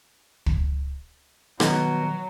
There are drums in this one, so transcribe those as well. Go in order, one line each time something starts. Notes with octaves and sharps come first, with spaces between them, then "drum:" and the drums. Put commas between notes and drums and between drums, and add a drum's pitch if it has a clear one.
drum: kick
B2 D#3 F3 F#3, drum: rim click